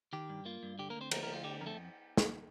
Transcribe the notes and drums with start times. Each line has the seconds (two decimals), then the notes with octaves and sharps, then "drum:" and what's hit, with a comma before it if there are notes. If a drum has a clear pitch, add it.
0.13 D#3 G4
0.29 G2
0.45 A#3 F4
0.63 G2
0.79 D3 G4
0.90 A#3 A#4
0.96 D2
1.01 C4 C5
1.11 F3 A#3 A#4, drum: cymbal
1.23 A#3 A#4
1.28 D2
1.33 F4
1.44 D3 G4
1.61 F2 A#4
1.66 A3 A4
2.17 drum: snare